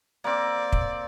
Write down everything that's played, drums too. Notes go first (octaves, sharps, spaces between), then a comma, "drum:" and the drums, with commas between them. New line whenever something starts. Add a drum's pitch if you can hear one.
A#3 C4 D5
drum: kick